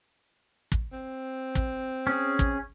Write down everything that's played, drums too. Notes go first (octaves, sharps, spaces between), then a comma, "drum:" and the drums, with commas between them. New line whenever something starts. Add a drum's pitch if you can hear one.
drum: kick
C4
drum: kick
C#4 G#4
drum: kick